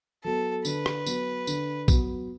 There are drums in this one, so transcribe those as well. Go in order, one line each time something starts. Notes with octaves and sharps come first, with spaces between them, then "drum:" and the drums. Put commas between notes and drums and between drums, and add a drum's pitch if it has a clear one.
F#3 B3 A4
D3 B4, drum: tambourine
drum: rim click
F#3 B3, drum: tambourine
D3, drum: tambourine
F#3 B3, drum: kick A#1, tambourine